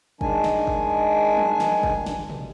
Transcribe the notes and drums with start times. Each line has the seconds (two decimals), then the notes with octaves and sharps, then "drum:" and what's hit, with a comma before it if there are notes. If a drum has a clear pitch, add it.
0.21 D#3 G#3 D4 G#5, drum: kick
0.44 drum: snare
0.67 drum: kick
1.37 drum: tom F3
1.60 drum: snare
1.83 drum: kick
2.06 drum: snare
2.30 drum: tom B2